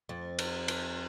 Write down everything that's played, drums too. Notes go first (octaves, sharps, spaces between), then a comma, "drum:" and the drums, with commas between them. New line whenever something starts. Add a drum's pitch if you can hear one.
F2
drum: cymbal
drum: cymbal